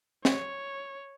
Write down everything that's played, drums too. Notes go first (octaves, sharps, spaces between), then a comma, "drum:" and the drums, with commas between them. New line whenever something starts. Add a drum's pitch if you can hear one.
C#5, drum: snare